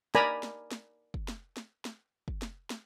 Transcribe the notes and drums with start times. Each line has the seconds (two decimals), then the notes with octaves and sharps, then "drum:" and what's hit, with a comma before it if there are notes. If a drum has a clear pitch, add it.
0.15 A#4 D5 G#5 A#5 B5, drum: snare
0.43 drum: snare
0.71 drum: snare
1.14 drum: kick
1.28 drum: snare
1.57 drum: snare
1.85 drum: snare
2.28 drum: kick
2.42 drum: snare
2.70 drum: snare